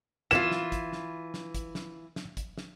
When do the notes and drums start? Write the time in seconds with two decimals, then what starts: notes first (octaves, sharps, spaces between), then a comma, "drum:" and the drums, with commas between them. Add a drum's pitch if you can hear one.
0.31 E3 F4 E7, drum: hi-hat
0.51 drum: snare
0.72 drum: kick, hi-hat
0.93 drum: snare
1.34 drum: snare
1.55 drum: kick, hi-hat
1.75 drum: snare
2.16 drum: snare
2.37 drum: kick, hi-hat
2.58 drum: snare